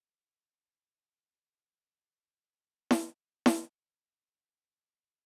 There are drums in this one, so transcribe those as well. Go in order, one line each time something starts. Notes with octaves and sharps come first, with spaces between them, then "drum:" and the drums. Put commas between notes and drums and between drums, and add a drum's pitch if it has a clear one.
E2
C3 F3 A#3 C4 A4 B4
F#3 G4
drum: snare E4
drum: snare E4
G5 A#5